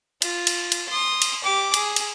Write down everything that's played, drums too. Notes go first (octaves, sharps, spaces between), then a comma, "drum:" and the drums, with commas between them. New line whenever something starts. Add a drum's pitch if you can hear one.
F4, drum: cymbal
drum: cymbal
drum: cymbal
C6 D#6
drum: cymbal
G4 D6
G#4, drum: cymbal
drum: cymbal